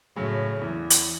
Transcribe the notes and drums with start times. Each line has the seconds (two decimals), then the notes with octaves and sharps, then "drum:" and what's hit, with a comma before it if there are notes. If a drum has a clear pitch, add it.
0.16 A2 C#3 F#3
0.61 E2 E3
0.90 drum: hi-hat